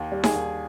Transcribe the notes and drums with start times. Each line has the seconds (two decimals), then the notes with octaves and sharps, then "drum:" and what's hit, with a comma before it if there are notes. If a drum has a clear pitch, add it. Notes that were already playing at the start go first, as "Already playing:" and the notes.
Already playing: D#2
0.12 G3
0.24 G#4, drum: snare D#4
0.35 D#2